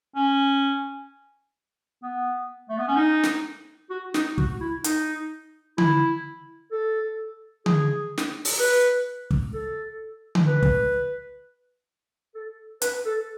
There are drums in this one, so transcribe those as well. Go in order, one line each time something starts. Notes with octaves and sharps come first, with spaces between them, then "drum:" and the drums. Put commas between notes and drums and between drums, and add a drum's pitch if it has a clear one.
C#4
B3
A3
B3
C#4
D#4
drum: snare
F#4
D#4, drum: snare
F#4, drum: kick
E4
D#4, drum: hi-hat
E4, drum: tom D3
A4
G#4, drum: tom D3
drum: snare
drum: open hi-hat
B4
drum: kick
A4
drum: tom D3
B4
drum: kick
A4
B4, drum: hi-hat
A4